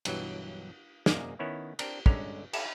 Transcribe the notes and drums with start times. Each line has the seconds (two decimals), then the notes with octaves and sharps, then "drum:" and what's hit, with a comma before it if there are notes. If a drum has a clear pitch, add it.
0.05 B1 G2 E3 F#3, drum: cymbal
1.06 F#2 C3 A#3 G#4 D5 D#5, drum: snare
1.39 D#3 B3 C#4 E4 C#5
1.79 C4 D4 A#4, drum: cymbal
2.06 G1 D3 G#3 C#4 A#5, drum: kick
2.53 G4 A4 E5 A5, drum: cymbal